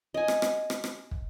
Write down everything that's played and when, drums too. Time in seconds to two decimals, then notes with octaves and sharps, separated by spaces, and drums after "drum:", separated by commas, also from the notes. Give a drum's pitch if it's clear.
0.14 D#5 G#5
0.28 drum: rim click
0.42 drum: rim click
0.70 drum: rim click
0.84 drum: rim click
1.11 drum: kick